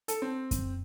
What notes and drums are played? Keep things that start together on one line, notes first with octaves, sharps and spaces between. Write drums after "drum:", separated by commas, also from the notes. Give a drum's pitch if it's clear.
A4, drum: hi-hat
C4
drum: kick F#2, hi-hat